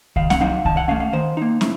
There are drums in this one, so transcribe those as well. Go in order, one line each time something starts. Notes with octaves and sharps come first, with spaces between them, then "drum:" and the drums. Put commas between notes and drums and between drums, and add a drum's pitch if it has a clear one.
D#3 F5, drum: kick C2
F#5, drum: snare
F#3 C4 D#4 F5
D#3 A5, drum: kick C2
F#5
A3 C#4 F5
F5
D#3 C5
A#3 D#4
A2, drum: snare